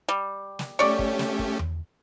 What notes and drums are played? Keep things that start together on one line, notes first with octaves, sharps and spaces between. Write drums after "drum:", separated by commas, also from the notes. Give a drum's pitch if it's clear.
G3
drum: snare
A3 C#4 G4 C#5 D5
drum: kick
drum: snare
drum: kick
drum: tom E2